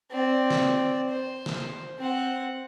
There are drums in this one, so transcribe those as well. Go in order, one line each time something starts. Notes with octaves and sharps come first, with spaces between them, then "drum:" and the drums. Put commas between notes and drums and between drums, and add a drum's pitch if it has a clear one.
C4 D5
drum: snare
C5
drum: snare
C4 F#5